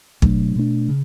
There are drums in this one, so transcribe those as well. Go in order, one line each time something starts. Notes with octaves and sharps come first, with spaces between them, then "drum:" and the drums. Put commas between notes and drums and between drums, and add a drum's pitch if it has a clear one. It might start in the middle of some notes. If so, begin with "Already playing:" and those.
B2 F#3 A3 D4, drum: kick
B2 A3 D4
C#3